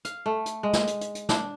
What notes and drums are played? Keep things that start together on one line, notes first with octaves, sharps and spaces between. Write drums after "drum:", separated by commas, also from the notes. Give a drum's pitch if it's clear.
F5, drum: hi-hat
A3
drum: hi-hat
G#3
drum: snare
drum: hi-hat
drum: hi-hat
drum: hi-hat
D4, drum: snare